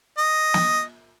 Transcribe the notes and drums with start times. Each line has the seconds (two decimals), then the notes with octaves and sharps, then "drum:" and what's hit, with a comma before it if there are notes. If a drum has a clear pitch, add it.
0.18 D#5
0.54 drum: snare